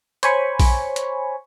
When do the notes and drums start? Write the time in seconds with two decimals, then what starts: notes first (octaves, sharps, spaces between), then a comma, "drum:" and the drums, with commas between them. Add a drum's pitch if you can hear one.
0.23 C5 C#5 G#5 B5 C#6, drum: hi-hat
0.60 drum: kick A#1, open hi-hat
0.96 drum: hi-hat